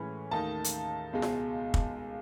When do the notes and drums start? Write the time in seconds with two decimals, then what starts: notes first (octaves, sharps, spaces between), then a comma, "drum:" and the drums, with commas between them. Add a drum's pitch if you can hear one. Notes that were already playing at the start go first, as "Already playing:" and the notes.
Already playing: A2 E3 G#3 C#4 B5
0.31 D#2 D#3 A3 D#4 A5
0.64 drum: hi-hat
1.13 C#2 B2 G#3
1.22 drum: snare F4
1.74 drum: kick